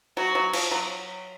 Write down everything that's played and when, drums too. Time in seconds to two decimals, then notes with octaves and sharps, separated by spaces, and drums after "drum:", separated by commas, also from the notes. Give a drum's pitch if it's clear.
0.17 F#3 F#4
0.35 F#3
0.53 F3, drum: cymbal
0.71 F#3